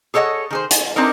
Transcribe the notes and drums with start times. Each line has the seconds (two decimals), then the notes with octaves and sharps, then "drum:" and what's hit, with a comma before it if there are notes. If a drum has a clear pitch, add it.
0.14 G#4 A4 C#5 D#5 F#5
0.51 D#3 G#4 C5
0.71 G#5, drum: hi-hat
0.96 C4 D4 D#4 A#4